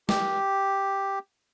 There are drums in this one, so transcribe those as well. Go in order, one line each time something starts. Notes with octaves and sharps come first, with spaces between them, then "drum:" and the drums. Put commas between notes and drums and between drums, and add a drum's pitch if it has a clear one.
G4, drum: snare